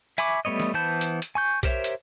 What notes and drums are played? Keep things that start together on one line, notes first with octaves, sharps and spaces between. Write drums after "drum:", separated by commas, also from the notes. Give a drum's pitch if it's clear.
E5 G#5 B5 C#6 D6, drum: hi-hat
G3 A3 B3 C#5 D#5
drum: snare
E3 B3 C5 A5 G6
drum: hi-hat
drum: hi-hat
G#5 C#6 G6
G4 A#4 C5 C#5 E5, drum: kick B1, hi-hat
drum: hi-hat